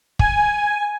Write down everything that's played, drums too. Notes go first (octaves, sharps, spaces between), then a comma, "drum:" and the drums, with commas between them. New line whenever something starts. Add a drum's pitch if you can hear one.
G#5, drum: kick